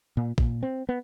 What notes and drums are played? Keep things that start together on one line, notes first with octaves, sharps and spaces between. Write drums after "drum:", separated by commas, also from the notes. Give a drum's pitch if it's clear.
A#2
A#2, drum: kick
C4
B3